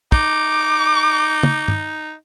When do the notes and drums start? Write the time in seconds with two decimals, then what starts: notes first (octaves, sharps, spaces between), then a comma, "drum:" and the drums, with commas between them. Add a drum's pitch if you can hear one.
0.12 D#4 D6, drum: kick
1.43 drum: tom
1.68 drum: tom G2